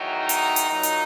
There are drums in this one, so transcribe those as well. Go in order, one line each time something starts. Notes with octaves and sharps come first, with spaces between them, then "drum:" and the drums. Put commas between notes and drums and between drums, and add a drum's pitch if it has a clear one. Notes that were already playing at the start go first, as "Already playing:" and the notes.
Already playing: E2 D#3 F#3
D#4
drum: hi-hat
drum: hi-hat
A#2 F#3 D#4
drum: hi-hat